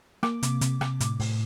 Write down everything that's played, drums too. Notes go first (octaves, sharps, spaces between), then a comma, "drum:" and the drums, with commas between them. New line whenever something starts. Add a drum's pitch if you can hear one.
A#3 D6, drum: rim click
C3, drum: hi-hat
C3, drum: hi-hat
C3, drum: rim click
A2, drum: hi-hat
A2, drum: open hi-hat